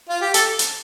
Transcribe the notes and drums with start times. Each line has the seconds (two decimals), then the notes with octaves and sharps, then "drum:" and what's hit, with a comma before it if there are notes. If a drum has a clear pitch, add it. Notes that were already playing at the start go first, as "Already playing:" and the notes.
0.09 F4
0.21 G4
0.34 A4, drum: hi-hat
0.59 drum: hi-hat